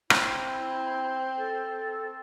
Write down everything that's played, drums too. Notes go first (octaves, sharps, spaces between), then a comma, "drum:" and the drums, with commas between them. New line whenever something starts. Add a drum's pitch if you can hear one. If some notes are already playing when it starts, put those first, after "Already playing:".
C4 E4, drum: rim click
A4